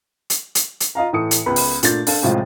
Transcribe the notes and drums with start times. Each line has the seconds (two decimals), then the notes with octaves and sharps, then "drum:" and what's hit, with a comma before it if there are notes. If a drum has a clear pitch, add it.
0.30 drum: hi-hat
0.55 drum: hi-hat
0.80 drum: hi-hat
0.95 F4 D#5 F5 A#5
1.13 A2 E3 A4 D#6 C#7
1.31 drum: hi-hat
1.46 C#2 B3 B4 B5
1.56 drum: open hi-hat
1.83 A#2 A3 D4 G6 A6, drum: hi-hat
2.07 D4 A4 F5, drum: open hi-hat
2.22 F#2 A2 C3 F3 G#3 F4